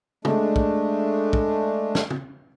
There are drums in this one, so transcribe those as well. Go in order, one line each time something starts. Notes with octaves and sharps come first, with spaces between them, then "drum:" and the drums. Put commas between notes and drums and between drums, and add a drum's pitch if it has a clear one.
G#3 A3 D4, drum: tom
drum: kick
drum: kick
drum: snare
drum: tom